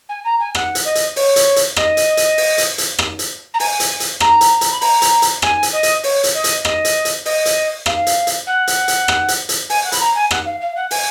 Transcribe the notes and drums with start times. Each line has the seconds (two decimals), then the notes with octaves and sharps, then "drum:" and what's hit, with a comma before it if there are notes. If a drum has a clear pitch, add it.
0.09 G#5
0.24 A#5
0.40 G#5
0.55 F#5, drum: rim click
0.75 drum: hi-hat
0.85 D#5
0.95 drum: hi-hat
1.16 C#5, drum: open hi-hat
1.36 drum: hi-hat
1.56 drum: hi-hat
1.76 D#5, drum: rim click
1.97 drum: hi-hat
2.17 drum: hi-hat
2.38 drum: open hi-hat
2.58 drum: hi-hat
2.78 drum: hi-hat
2.99 drum: rim click
3.19 drum: hi-hat
3.54 A#5
3.60 G#5, drum: open hi-hat
3.80 drum: hi-hat
4.00 drum: hi-hat
4.20 A#5, drum: rim click
4.41 drum: hi-hat
4.61 drum: hi-hat
4.71 B5
4.81 A#5, drum: open hi-hat
5.02 drum: hi-hat
5.22 drum: hi-hat
5.42 G#5, drum: rim click
5.63 drum: hi-hat
5.73 D#5
5.83 drum: hi-hat
6.03 C#5, drum: open hi-hat
6.24 drum: hi-hat
6.34 D#5
6.44 drum: hi-hat
6.65 D#5, drum: rim click
6.85 drum: hi-hat
7.05 drum: hi-hat
7.25 D#5, drum: open hi-hat
7.46 drum: hi-hat
7.86 F5, drum: rim click
8.07 drum: hi-hat
8.27 drum: hi-hat
8.47 F#5
8.67 drum: hi-hat
8.88 drum: hi-hat
9.08 drum: rim click
9.28 drum: hi-hat
9.49 drum: hi-hat
9.69 G#5, drum: open hi-hat
9.84 F#5
9.92 B5, drum: hi-hat
10.00 A#5
10.15 G#5
10.31 F#5, drum: rim click
10.45 F5
10.61 F5
10.76 F#5
10.91 G#5, drum: open hi-hat